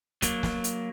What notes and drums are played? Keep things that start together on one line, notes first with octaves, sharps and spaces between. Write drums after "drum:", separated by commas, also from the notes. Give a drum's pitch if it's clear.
F#3 A#3, drum: kick, hi-hat
drum: snare
drum: hi-hat